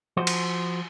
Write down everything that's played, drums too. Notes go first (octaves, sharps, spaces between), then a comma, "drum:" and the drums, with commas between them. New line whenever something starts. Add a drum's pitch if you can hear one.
F3 F#4 C5
drum: cymbal